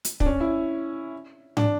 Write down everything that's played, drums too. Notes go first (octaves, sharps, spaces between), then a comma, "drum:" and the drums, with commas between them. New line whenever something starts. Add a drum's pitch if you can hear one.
drum: hi-hat
D4, drum: kick
C#4
E4
D4, drum: tom